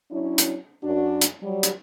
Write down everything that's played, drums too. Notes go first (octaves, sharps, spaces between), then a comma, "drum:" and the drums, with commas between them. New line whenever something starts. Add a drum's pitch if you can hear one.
F#3 C#4 D4 E4
drum: hi-hat
F#2 D4 F#4
drum: hi-hat
F#3 G3
drum: hi-hat